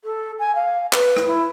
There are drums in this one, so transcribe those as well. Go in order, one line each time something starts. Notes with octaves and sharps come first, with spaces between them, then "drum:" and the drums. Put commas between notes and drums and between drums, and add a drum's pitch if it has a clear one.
A4
G#5
F5
B4, drum: clap
drum: rim click
E4